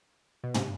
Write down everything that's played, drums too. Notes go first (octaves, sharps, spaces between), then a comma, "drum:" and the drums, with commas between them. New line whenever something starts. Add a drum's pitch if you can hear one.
B2
C3, drum: tom